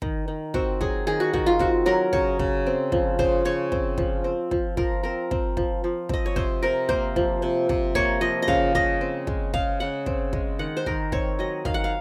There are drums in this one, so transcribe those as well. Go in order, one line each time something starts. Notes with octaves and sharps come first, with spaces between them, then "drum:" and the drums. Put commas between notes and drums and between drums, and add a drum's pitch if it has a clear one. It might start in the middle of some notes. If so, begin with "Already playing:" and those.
D#3, drum: kick
D#3
C4 F#4, drum: kick
F#3 G#4, drum: kick
D#3 G#4
F#4
D#3 F#4, drum: kick
F4
C4 F#4, drum: kick
F#3 A#4
C#3 C#5, drum: kick
C#3, drum: kick
C4
F3, drum: kick
C#3 C5, drum: kick
C#3 C#5
C4, drum: kick
F3, drum: kick
C4
F3, drum: kick
F3 A#4, drum: kick
C4 A#4
C4, drum: kick
F3, drum: kick
F3
C4 D#5, drum: kick
C#5
C3 C5, drum: kick
C3 A#4
A#3 C5, drum: kick
F3, drum: kick
C3
C3, drum: kick
A#3 C#5, drum: kick
F3 D#5
D#5
C#3 F5, drum: kick
C#3 D#5, drum: kick
C4
G#3, drum: kick
C#3 F5, drum: kick
C#3 F#5
C4, drum: kick
G#3, drum: kick
D#3 F#5
C5
D#3 A#4, drum: kick
C4 C#5, drum: kick
F#3 D#5
D#3 F5, drum: kick
F#5
F5